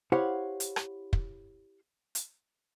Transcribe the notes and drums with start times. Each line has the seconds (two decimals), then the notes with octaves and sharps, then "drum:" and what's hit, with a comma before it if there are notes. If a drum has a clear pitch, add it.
0.12 E4 G4 C5 C#5 F5 F#5
0.60 drum: hi-hat
0.76 drum: rim click
1.13 drum: kick
2.15 drum: hi-hat